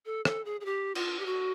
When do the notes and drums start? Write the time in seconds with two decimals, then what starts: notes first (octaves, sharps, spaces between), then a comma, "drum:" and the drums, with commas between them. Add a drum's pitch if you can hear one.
0.06 A4
0.25 A4, drum: rim click
0.45 G#4
0.61 G#4
0.65 G4
0.95 F4, drum: cymbal
1.19 G4
1.26 F#4